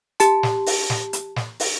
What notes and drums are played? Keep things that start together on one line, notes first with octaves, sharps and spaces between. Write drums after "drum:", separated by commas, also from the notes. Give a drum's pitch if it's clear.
G4 A5, drum: hi-hat
drum: snare
drum: open hi-hat
drum: snare
drum: hi-hat
drum: snare
drum: open hi-hat